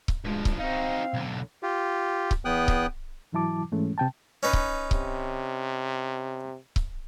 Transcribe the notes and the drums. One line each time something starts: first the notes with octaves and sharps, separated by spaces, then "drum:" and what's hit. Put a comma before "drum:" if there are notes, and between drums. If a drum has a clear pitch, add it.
drum: kick C#1
G2 F3 G#3
drum: kick C#1
C4 D#4 F#4 F5
B1 D3
F4 G4
drum: kick C#1
E2 B3 G5 D#6 F#6
drum: kick C#1
G#2 E3 F#3 E4 A5 D6
G#2 E3 G#3 A3 C#4
C3 G5 A5
C#4 D#4 B4
drum: kick C#1
C3, drum: kick C#1
drum: kick C#1